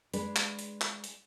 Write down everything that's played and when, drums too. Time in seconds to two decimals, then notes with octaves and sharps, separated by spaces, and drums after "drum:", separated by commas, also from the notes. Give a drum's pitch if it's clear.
0.14 G#3 D4 B4, drum: hi-hat
0.36 drum: clap
0.59 drum: hi-hat
0.81 drum: clap
1.04 drum: hi-hat